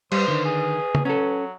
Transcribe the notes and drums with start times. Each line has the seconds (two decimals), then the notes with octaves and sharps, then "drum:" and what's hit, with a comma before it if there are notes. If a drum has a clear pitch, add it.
0.12 G3 B4 C5, drum: cymbal
0.28 D3 D#3
0.45 G#4
0.95 drum: tom C#3
1.05 F#3 C#4 A4